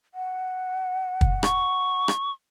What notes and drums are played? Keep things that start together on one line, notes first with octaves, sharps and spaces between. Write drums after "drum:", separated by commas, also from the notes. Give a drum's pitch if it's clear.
F#5
drum: kick
C#6, drum: rim click
drum: rim click